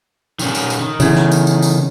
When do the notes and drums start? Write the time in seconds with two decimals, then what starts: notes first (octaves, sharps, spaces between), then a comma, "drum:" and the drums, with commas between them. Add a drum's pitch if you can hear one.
0.39 D#3 C#4, drum: tambourine
0.55 drum: tambourine
0.70 drum: tambourine
0.80 D#3
1.00 C#3 E3, drum: tambourine
1.16 drum: snare
1.32 drum: tambourine
1.47 drum: tambourine
1.62 drum: tambourine